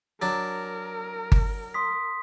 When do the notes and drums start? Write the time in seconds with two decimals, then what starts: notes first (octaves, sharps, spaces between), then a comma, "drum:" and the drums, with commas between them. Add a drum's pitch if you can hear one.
0.22 F#3 D4 A#4
1.32 drum: kick G1
1.74 C6 D#6 B6